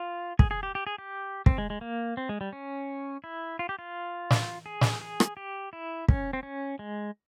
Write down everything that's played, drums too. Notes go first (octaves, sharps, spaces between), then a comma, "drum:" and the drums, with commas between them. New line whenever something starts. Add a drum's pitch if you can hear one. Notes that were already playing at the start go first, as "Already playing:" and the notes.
Already playing: F4
G#4, drum: kick
G#4
G4
G4
G#4
G4
C4, drum: kick
G#3
G#3
A#3
C4
G#3
G3
C#4
E4
F4
G4
F4
drum: snare
G#4
drum: snare
G#4
drum: rim click
G4
E4
C#4, drum: kick
C4
C#4
G#3